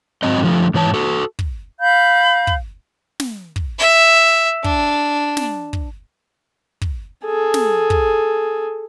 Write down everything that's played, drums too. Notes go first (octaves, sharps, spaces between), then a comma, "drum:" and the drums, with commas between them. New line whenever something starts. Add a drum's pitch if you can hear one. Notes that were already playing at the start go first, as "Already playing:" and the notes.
G#2 F#3 C4 D#5
D3 F3 A3
G#2 E3 C#5 A5
F#4 A4
drum: kick
F5 B5 G6
drum: kick
drum: snare
drum: kick
E5
D4, drum: kick
drum: snare
drum: kick
drum: kick
G#4 A4
drum: snare
drum: kick